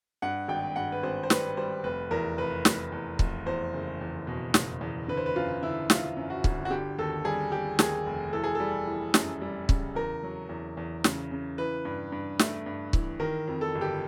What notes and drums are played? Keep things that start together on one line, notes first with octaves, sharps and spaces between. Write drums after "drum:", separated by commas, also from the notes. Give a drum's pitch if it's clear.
G2 F#5
G#1 G5
G2 F#5
B4
G#1 C5
C5
G3 B4, drum: snare
G3 C5
F1 B4
E2 A#4
F1 B4
F1, drum: snare
E2
F1, drum: kick C#1
E2 C5
F#1
E2
B2
F#1, drum: snare
E2
D3 B4
C5
B4
F#2 F4
D3 E4
F3 F4, drum: snare
F#2
F#4
G1, drum: kick C#1
F#4
D3 G4
D#2 A4
G3 G#4
G3 G4
D#2 G#4, drum: snare
F1
E3 A4
G#4
G3 A4
E3
F#2, drum: snare
G3
C#3, drum: kick C#1
E2 A#4
F#3
E2
E2
C#3, drum: snare
C#3
E3 B4
G2
G2
A3, drum: snare
G2
E3, drum: kick C#1
D#3 A#4
F2
A4
G1
G4